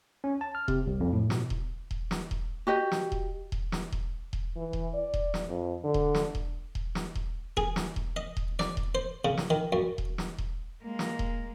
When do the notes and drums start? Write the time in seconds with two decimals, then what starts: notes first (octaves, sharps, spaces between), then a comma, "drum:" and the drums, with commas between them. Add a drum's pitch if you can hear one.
0.24 C#4
0.41 A5
0.55 F6
0.68 C3, drum: kick D#1
0.87 C2
1.00 F2
1.13 A2
1.30 B2, drum: snare
1.50 drum: kick D#1
1.91 drum: kick D#1
2.11 drum: snare
2.31 drum: kick D#1
2.67 F#4 G4 D#5
2.92 drum: snare
3.12 drum: kick D#1
3.52 drum: kick D#1
3.72 drum: snare
3.92 drum: kick D#1
4.33 drum: kick D#1
4.56 E3
4.73 drum: kick D#1
4.94 D5
5.14 drum: kick D#1
5.34 drum: snare
5.48 F2
5.84 D3
5.94 drum: kick D#1
6.15 drum: snare
6.35 drum: kick D#1
6.75 drum: kick D#1
6.95 drum: snare
7.15 drum: kick D#1
7.57 G#4, drum: kick D#1
7.76 drum: snare
7.96 drum: kick D#1
8.16 D#5
8.37 drum: kick D#1
8.59 D5, drum: snare
8.77 drum: kick D#1
8.95 C5
9.25 C#3
9.37 drum: snare
9.50 D#3
9.73 F#2
9.98 drum: kick D#1
10.18 drum: snare
10.38 drum: kick D#1
10.84 G#3 A#3
10.99 drum: snare
11.19 drum: kick D#1